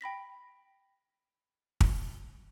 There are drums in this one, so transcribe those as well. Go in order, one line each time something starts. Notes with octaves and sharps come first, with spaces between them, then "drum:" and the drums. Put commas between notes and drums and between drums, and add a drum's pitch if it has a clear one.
G5 B5 A#6 B6
drum: kick